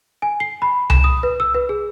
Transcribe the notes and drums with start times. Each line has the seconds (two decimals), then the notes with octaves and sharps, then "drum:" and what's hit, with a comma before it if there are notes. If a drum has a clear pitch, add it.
0.22 G#5
0.40 C7
0.62 B5
0.90 E7, drum: tom C2
1.04 D#6
1.23 B4
1.40 E6
1.54 B4
1.69 G#4